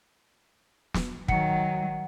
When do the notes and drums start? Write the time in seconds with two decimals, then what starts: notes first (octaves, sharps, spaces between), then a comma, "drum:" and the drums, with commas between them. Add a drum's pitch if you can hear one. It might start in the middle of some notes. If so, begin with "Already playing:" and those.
0.94 drum: snare
1.28 D#3 F#3 F#5 C#7, drum: kick